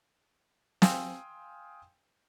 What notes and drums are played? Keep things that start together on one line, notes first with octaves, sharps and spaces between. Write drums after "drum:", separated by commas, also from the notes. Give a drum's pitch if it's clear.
F5 G5 G#5 C6 D#6 E6, drum: snare